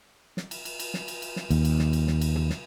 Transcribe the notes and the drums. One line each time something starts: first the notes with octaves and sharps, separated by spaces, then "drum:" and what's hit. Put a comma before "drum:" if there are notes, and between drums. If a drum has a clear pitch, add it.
drum: snare
drum: cymbal
drum: cymbal
drum: cymbal
drum: snare
drum: cymbal
drum: cymbal
drum: snare
D#2, drum: cymbal
drum: cymbal
drum: snare
drum: cymbal
drum: snare
drum: cymbal
drum: tom
drum: snare